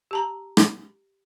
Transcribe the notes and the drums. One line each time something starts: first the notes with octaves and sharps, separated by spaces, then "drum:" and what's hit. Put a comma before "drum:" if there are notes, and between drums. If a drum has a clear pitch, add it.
G4 A5 A#5
drum: rim click